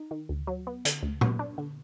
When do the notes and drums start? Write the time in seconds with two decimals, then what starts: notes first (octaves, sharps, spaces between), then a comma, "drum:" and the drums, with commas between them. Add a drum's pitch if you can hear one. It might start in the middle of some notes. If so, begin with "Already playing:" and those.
Already playing: D#4
0.11 D#3
0.29 D2
0.47 F#3
0.67 B3
0.85 D3, drum: hi-hat
1.03 D2
1.21 F#3, drum: tom A#2
1.39 D4
1.58 D3